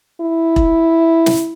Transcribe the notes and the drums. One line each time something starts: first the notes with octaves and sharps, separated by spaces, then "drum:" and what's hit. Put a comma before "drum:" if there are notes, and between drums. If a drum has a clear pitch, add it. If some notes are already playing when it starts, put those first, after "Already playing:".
E4
drum: kick E1
drum: snare